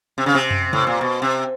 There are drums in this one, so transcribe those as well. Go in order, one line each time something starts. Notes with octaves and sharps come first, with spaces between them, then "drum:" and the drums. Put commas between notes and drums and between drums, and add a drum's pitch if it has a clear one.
C3
C#3
C3
drum: tom
A2, drum: tom C3
A#2
B2
C3